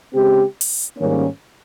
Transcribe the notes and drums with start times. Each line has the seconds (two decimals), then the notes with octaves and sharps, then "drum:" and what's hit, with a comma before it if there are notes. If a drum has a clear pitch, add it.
0.13 C#3 G#3 C4 G4
0.61 drum: open hi-hat
0.96 G#2 D#3 G3 A#3 C#4